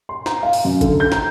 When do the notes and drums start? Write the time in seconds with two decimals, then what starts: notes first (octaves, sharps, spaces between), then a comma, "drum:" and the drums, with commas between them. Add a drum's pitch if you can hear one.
0.09 C6
0.26 A#5, drum: snare
0.43 F5
0.53 drum: open hi-hat
0.65 F#2
0.81 D3, drum: kick, hi-hat
1.00 G6
1.12 A#5, drum: snare